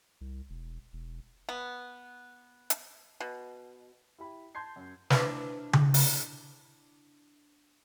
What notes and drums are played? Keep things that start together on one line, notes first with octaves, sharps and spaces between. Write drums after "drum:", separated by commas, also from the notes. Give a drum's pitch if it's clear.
C2
E1
E1
B3
drum: hi-hat
B2
E4 G4 B5
A5 C6 G6 G#6 C7
F#2
D4 E4 B4, drum: snare
drum: tom C#3
drum: open hi-hat